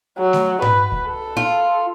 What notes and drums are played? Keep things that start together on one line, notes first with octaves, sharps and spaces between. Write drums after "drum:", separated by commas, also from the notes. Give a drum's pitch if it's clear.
F#3
drum: snare A3
B4, drum: tom G#2
drum: kick C#2
A4
F4